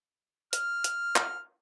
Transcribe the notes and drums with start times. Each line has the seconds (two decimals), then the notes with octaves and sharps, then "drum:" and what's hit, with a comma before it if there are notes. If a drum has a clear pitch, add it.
0.53 F6, drum: hi-hat
0.84 drum: hi-hat
1.16 drum: clap